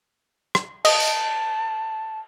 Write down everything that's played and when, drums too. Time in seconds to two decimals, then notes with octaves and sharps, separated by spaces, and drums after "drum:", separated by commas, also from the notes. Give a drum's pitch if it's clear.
0.55 drum: rim click
0.85 D#5 A5, drum: cymbal
1.00 drum: tambourine